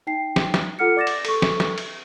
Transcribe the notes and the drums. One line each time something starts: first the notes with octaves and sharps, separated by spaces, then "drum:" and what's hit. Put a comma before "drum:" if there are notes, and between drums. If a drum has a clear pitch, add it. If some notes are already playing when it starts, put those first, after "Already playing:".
D#4 G5 C7
drum: snare
drum: snare
F4 A4 F#5 F6 C#7
D5 D6 A6 A#6 E7
drum: cymbal
A4 C#6, drum: cymbal
drum: snare
drum: snare
drum: cymbal